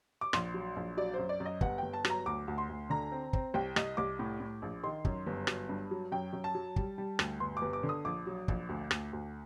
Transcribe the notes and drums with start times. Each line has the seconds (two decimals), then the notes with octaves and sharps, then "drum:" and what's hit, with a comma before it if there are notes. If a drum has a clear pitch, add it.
0.21 D6
0.33 A#1 C6, drum: rim click
0.54 F#3
0.76 A#1
0.97 F#3 D5
1.14 F#2 C5
1.29 D5
1.40 F#2
1.46 D#5
1.61 G1 F#5, drum: kick
1.78 G1 G5
1.93 A5
2.05 F#3, drum: rim click
2.10 A#5
2.26 D2 D6
2.48 D2
2.58 C6
2.69 D2
2.90 D3 A#5
3.12 C4
3.33 C4, drum: kick
3.54 C2 G5
3.76 C2 D#5, drum: rim click
3.97 C2 D6
4.19 A2
4.40 A2
4.62 A#1
4.84 D#3 C6
5.05 F#2, drum: kick
5.26 G1
5.47 F#3, drum: rim click
5.69 G2
5.91 F#3
6.12 F#2 G5
6.33 F#2
6.44 A5
6.55 F#3
6.76 G3, drum: kick
6.98 G3
7.19 D2, drum: rim click
7.40 G1 C6
7.57 D6
7.62 G1
7.73 D6
7.83 D3
7.89 D#6
8.05 A#1 D6
8.27 F#3
8.48 A#1, drum: kick
8.69 D2
8.91 D2, drum: rim click
9.13 D2